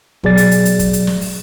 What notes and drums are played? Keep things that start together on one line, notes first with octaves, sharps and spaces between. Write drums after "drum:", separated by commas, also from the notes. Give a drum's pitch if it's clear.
B2 F#3 G#4 D5 A6, drum: kick
drum: hi-hat
drum: hi-hat
drum: hi-hat
drum: kick, hi-hat
drum: hi-hat
drum: snare
drum: open hi-hat